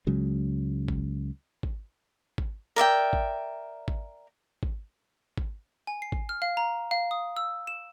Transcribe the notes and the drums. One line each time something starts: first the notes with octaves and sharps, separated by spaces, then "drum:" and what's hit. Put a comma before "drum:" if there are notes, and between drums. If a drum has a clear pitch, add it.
C#2 C#3 F#3 G#3
drum: kick
drum: kick
drum: kick
A#4 D5 E5 G5
drum: kick
drum: kick
drum: kick
drum: kick
G#5
C7
drum: kick
F6
F5
A#5
F5
D#6
E6
E7